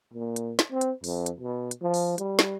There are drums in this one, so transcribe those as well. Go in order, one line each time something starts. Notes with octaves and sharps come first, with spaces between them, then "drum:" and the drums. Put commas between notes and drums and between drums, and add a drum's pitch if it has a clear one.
A#2
drum: hi-hat
drum: snare
C4
drum: hi-hat
F2, drum: open hi-hat
drum: hi-hat
B2
drum: hi-hat
F3
drum: open hi-hat
G3, drum: hi-hat
drum: snare